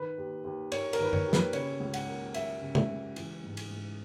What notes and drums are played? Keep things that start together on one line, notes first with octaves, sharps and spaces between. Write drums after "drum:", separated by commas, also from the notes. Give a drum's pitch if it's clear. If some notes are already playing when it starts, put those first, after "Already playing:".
Already playing: D#3 B4
D#2
D#2
A#3 C#5, drum: cymbal
A#4, drum: cymbal
D#3 B4
C#5, drum: tom F#2
D#2
B4, drum: snare
C#3 C#5, drum: cymbal
C#2
F#5, drum: cymbal
A#3
F#3 E5, drum: cymbal
C#3
E5, drum: tom C3
C#2
E3, drum: cymbal
G#2
drum: cymbal
G#2